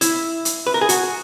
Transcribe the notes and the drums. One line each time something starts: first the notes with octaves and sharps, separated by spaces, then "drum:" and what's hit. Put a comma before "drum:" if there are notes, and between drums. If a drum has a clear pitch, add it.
E4, drum: hi-hat
drum: hi-hat
B4
A#4
G#4
F#4, drum: hi-hat